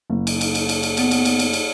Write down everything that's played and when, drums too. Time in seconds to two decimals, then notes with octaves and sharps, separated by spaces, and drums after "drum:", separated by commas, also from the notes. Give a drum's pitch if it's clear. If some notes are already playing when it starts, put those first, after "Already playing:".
0.10 F#1
0.27 drum: cymbal
0.41 drum: cymbal
0.55 drum: cymbal
0.69 drum: cymbal
0.83 drum: cymbal
0.97 B3, drum: cymbal
1.11 drum: cymbal
1.25 drum: cymbal
1.39 drum: cymbal
1.53 drum: cymbal